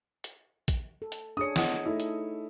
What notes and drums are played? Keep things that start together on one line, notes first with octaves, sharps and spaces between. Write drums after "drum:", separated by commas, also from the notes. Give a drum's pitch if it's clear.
drum: hi-hat
drum: kick, hi-hat
A4
drum: hi-hat
D4 G#4 C#5 D#6 C#7
C#5 D#5 F#5 D#6, drum: snare
A3 D#4 E4
drum: hi-hat